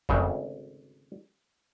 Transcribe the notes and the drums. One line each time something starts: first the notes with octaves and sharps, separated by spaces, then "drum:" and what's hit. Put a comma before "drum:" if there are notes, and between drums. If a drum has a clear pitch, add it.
G#1 D2 C#3, drum: kick F2